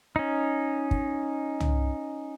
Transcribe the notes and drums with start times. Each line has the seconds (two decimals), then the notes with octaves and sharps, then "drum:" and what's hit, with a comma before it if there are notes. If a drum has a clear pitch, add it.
0.16 C#4 D#4
0.91 drum: kick
1.60 drum: tom